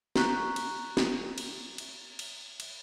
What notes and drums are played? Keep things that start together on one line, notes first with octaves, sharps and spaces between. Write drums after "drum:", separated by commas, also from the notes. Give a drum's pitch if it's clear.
A#5 C#6 F#6 G6 B6, drum: snare
drum: cymbal
drum: snare
drum: cymbal
drum: cymbal
drum: cymbal
drum: cymbal